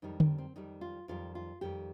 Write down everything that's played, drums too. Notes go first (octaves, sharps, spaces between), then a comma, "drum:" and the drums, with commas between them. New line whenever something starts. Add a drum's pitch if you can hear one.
F2 D#3 G3 D#4
C4, drum: tom D3
C4
F2 D#3 G3 D#4
F4
F2 D#3 G3 F4
F4
F2 D#3 G3 G4